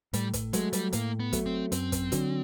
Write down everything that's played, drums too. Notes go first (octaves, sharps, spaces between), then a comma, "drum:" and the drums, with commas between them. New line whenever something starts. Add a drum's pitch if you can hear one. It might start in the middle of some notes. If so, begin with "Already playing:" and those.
A2 G3, drum: hi-hat
drum: kick, hi-hat
F#3 G#3 A3, drum: hi-hat
G3, drum: hi-hat
A2 A#3, drum: hi-hat
B3
F#3 A3, drum: kick, hi-hat
C4
F#2 C4, drum: hi-hat
drum: kick, hi-hat
D3 F#3, drum: hi-hat